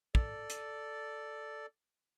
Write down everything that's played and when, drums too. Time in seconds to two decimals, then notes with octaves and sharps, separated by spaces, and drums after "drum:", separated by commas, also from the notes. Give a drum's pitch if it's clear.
0.15 A4 D5, drum: kick
0.50 drum: hi-hat